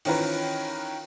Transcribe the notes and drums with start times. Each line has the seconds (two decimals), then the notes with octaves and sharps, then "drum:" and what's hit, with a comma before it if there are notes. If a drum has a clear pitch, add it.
0.05 D#3 E3 C#4 F4 A#4 B4, drum: open hi-hat